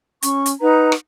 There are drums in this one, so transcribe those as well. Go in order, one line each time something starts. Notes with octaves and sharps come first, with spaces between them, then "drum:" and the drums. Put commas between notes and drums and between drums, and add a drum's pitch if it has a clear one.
C#4 C#6, drum: hi-hat
drum: hi-hat
D#4 B4 F#5 A#5
drum: rim click